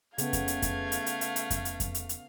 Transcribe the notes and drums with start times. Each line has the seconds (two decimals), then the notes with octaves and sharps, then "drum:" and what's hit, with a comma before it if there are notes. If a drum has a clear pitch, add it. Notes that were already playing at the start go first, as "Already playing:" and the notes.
0.18 C#3 A3 B3 F5 G#6, drum: hi-hat
0.33 drum: kick F2, hi-hat
0.48 drum: hi-hat
0.62 drum: kick F2, hi-hat
0.92 drum: hi-hat
1.06 drum: hi-hat
1.21 drum: hi-hat
1.36 drum: hi-hat
1.50 drum: kick F2, hi-hat
1.65 drum: hi-hat
1.80 drum: kick F2, hi-hat
1.95 drum: hi-hat
2.09 drum: hi-hat